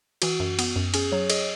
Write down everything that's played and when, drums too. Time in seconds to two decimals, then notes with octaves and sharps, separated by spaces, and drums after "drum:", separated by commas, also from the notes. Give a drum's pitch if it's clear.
0.22 E3 F#4, drum: cymbal
0.40 F#2
0.59 B3, drum: cymbal
0.76 F#2
0.94 C#4 G#4, drum: cymbal
1.12 F#3 C#5
1.30 G#4 D#5, drum: cymbal